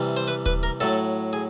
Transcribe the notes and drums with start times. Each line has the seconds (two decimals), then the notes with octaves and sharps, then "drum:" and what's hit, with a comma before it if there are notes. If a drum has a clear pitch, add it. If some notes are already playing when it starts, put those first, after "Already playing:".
Already playing: C3 E3 G3
0.17 C5
0.28 B4
0.46 B4, drum: kick D#1
0.63 A#4
0.80 A2 F#3 A4
1.33 G#4